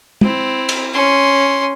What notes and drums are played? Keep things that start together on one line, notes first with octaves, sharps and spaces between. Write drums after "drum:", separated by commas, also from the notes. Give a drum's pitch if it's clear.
C4 E4, drum: tom
drum: cymbal
C#4 C6